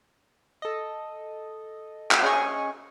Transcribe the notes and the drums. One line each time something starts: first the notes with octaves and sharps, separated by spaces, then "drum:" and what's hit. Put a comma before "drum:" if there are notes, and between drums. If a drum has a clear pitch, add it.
A4 D#5
drum: clap
C#4 G#4 D#5 G#5 C#6